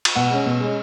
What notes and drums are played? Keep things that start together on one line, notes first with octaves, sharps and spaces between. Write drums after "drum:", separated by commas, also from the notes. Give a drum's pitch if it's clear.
drum: cymbal
B2 F#5
G#3 C#4
B2
G#3 C#4